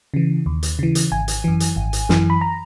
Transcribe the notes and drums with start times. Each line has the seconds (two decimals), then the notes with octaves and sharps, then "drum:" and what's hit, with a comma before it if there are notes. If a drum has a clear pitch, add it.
0.14 C#3 E3
0.46 D#2
0.63 drum: hi-hat
0.79 C#3 E3
0.95 drum: hi-hat
1.12 G#1 G#5
1.28 drum: hi-hat
1.44 F#2 E3
1.60 drum: hi-hat
1.76 G#1
1.93 drum: hi-hat
2.09 F#2 E3, drum: snare
2.30 B5
2.41 A#5